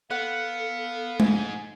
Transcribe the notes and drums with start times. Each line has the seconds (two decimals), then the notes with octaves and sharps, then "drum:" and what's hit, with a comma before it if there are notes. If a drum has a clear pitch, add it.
0.11 B3 A4 F5 F#5
1.20 G#2 G#3 G#5, drum: tom G#3